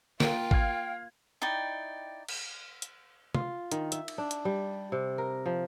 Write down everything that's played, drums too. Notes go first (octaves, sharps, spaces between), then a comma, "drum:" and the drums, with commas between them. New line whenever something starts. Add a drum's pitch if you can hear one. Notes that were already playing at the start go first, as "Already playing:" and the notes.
A#3 F4 G5, drum: snare
F5 G#6, drum: kick
D#4 E4 D5 G5
drum: cymbal
drum: hi-hat
F4, drum: tom
D#3, drum: hi-hat
E5, drum: hi-hat
drum: cymbal
D4
drum: hi-hat
G3
C3
A#4
F3